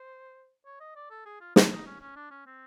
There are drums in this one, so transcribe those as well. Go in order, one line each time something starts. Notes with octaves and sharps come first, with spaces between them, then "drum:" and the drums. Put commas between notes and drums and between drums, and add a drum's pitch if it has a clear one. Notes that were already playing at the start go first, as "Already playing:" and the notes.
Already playing: C5
C#5
D#5
D5
A4
G#4
F4
E4, drum: snare
D#4
C#4
C#4
D4
C#4
C4